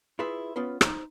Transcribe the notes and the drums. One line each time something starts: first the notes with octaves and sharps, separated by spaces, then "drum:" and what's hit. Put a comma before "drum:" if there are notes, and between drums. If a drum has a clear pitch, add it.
E4 F4 G#4 B4 E5
B3 C#4 F4 B4
D#4 C5, drum: rim click